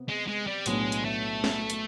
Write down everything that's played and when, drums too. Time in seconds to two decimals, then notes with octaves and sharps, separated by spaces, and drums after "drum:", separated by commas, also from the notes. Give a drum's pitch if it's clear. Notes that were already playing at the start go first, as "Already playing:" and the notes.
Already playing: C3 B3
0.08 G#3
0.27 G#3
0.47 G3
0.66 B1 A2 F#3 G#3 B3 D4, drum: hi-hat
0.92 drum: hi-hat
1.05 A3
1.44 drum: snare
1.70 drum: hi-hat